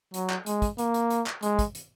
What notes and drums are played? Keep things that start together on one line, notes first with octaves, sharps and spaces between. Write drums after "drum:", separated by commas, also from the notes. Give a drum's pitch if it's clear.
F#3, drum: hi-hat
drum: clap
G#3, drum: hi-hat
drum: kick, hi-hat
A#3, drum: hi-hat
drum: hi-hat
drum: hi-hat
drum: clap
G#3, drum: hi-hat
drum: kick, hi-hat
drum: hi-hat